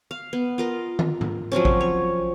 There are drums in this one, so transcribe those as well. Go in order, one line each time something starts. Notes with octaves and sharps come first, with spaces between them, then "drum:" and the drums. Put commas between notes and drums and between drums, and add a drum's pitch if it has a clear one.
F5
B3
F4 A#4 D#5
drum: tom
drum: tom
F3 F#3 C4 C#4
drum: kick A1
C#5